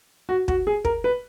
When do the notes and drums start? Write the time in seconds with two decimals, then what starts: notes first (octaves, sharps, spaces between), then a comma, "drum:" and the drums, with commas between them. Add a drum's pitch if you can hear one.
0.29 F#4
0.48 F#4, drum: kick
0.67 G#4
0.85 A#4, drum: kick
1.04 B4